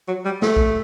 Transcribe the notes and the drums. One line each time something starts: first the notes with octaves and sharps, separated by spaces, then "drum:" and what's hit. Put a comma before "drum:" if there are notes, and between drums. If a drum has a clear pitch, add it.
F#3
G3
A3, drum: snare
drum: kick A#1